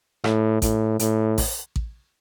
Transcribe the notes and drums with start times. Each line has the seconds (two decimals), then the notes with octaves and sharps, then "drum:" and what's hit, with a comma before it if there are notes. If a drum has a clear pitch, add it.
0.24 A2, drum: rim click
0.62 A2, drum: kick A1, hi-hat
0.99 A2, drum: hi-hat
1.38 drum: kick A1, open hi-hat
1.76 drum: kick A1